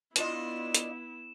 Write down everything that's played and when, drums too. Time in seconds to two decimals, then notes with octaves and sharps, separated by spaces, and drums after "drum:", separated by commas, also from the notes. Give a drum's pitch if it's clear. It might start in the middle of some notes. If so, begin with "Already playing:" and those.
0.16 B3 D4 E4 F4 D#5 E7, drum: hi-hat
0.75 drum: hi-hat